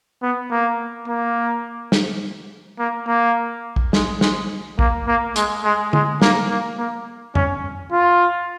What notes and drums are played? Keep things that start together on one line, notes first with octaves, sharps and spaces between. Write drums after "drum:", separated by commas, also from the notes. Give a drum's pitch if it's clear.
B3
A#3
A#3
drum: snare
A#3
A#3
drum: kick
G#3, drum: snare
G#3, drum: snare
A#3, drum: kick
A#3
G#3, drum: hi-hat
G#3
G#3, drum: tom
A#3, drum: snare
A#3
A#3
C#4, drum: tom F2
F4